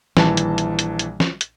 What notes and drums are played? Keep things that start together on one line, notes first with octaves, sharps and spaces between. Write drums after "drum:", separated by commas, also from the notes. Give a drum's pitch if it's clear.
A#1 D#3 E3 G3 A5, drum: snare
drum: hi-hat
drum: hi-hat
drum: hi-hat
drum: hi-hat
drum: snare
drum: hi-hat